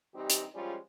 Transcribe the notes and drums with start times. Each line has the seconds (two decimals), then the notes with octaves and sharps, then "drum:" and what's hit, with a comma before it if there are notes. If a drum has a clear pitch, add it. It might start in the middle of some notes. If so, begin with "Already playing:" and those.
0.15 E3 G3 C4 D#4 G4
0.30 drum: hi-hat
0.54 F3 G3 G#3 C#4 F4 G#4